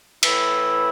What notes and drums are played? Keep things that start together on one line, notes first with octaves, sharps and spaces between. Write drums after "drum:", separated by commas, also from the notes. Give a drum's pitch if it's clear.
A2 E3 E4, drum: cymbal